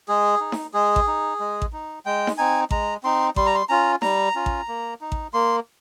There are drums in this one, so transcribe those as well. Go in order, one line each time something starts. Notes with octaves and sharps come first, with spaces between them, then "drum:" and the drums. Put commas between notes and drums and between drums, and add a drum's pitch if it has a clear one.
G#3 G#4
D#4
drum: snare D#4
G#3 G#4
drum: kick A1
D#4
G#3
drum: kick A1
D#4
G#3 G5
drum: snare D#4
C4 D#4 G#5
G#3 A#5, drum: kick A1
C4 D#4 C6
G3 C6, drum: kick A1
A#5
C6
C#4 F4 A#5
G3 A#5, drum: snare D#4
C#4 F4
drum: kick A1
A#3
D#4
drum: kick A1
A#3 C6